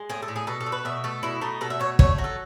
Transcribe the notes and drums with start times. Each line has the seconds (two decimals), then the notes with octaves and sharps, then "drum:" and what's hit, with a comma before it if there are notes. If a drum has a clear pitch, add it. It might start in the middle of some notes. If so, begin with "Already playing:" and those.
Already playing: G#3
0.09 A2 G#4
0.22 A4
0.28 A2
0.36 G#4
0.47 B2 A4
0.60 A4
0.66 A3
0.72 B4
0.85 B2 E5
1.04 A3 A4
1.23 B2 E4
1.41 A3 D#4
1.61 B2 A4
1.70 E5
1.80 A3 C#5
1.99 A3 C#5, drum: kick
2.18 F#3
2.24 A4